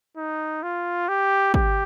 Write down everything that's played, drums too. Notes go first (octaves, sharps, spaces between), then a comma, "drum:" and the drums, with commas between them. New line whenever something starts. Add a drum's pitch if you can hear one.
D#4
F4
G4
G4, drum: kick